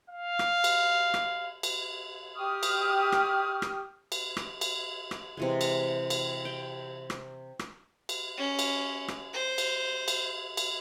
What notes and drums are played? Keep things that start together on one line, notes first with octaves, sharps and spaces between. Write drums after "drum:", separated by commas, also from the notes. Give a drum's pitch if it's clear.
F5
drum: rim click
drum: cymbal
drum: rim click
drum: cymbal
G4 C#6 D#6 F6
drum: cymbal
drum: rim click
drum: rim click
drum: cymbal
drum: rim click
drum: cymbal
drum: rim click
C3 E3 G#3
drum: cymbal
drum: cymbal
G5
drum: rim click
drum: rim click
drum: cymbal
C#4
drum: cymbal
drum: rim click
C5
drum: cymbal
drum: cymbal
drum: cymbal